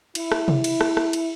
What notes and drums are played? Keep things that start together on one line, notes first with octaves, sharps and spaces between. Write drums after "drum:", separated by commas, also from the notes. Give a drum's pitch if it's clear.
E4, drum: cymbal
drum: rim click
drum: tom C3
drum: cymbal
drum: rim click
drum: rim click
drum: cymbal